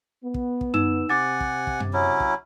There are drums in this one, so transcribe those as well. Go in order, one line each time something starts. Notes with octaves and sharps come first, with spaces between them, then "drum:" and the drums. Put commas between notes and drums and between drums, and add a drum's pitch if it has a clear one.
B3
drum: kick
drum: kick
D#4 E6 E7, drum: tom F#2
C3 F#5 G#5 D6 A6
drum: kick
drum: kick
drum: tom F#2
F#3 C#4 E4
drum: kick